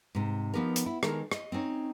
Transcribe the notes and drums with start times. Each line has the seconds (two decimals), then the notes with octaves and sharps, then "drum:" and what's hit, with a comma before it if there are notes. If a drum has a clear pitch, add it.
0.15 G#2 C3
0.54 F3 G#3 B3 D#4 G4 A#4
0.76 drum: hi-hat
0.86 E4
1.03 D#3 G#3 A4 A#4, drum: rim click
1.31 D#5, drum: rim click
1.52 C4 C#4 D#4 C#5